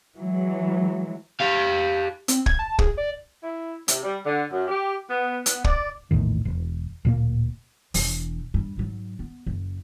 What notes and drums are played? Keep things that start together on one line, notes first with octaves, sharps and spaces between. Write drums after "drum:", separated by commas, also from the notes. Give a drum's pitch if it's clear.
E3 F#3 G#3
G4 F5
C4, drum: hi-hat
G#6, drum: kick
A5
G#4, drum: kick
D5
E4
C3, drum: hi-hat
G3
D3
F#2
G4
B3
B3, drum: hi-hat
D5, drum: kick
A#1 E2 A2 D#3
E1
D1 A#2 A#3
E1 E3, drum: open hi-hat
G2
G#2 F#3
B3
F#1